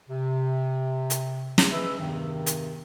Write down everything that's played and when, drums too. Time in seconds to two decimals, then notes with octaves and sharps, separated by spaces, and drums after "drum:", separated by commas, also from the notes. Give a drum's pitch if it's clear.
0.09 C3
1.10 drum: hi-hat
1.58 drum: snare
1.72 G#4 B4 D#5 E5
1.98 E2 G2 C3 D#3
2.46 drum: hi-hat